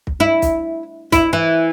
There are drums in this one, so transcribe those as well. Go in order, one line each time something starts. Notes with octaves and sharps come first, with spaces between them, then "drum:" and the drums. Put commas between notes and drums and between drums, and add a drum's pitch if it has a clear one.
drum: kick
E4
drum: kick, hi-hat
E4, drum: kick, hi-hat
E3